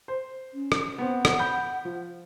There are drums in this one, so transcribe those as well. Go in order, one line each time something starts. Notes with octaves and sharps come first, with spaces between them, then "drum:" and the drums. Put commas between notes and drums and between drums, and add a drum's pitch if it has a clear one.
C5
C#4
drum: rim click
B3 C4 F#5
drum: rim click
B5 G6
F3